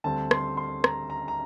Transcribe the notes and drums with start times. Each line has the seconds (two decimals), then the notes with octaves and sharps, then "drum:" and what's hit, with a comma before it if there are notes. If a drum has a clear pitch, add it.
0.04 D2 D3 G3 C4 A5
0.31 C6, drum: rim click
0.57 C6
0.84 A#5, drum: rim click
1.10 A#5
1.28 A#5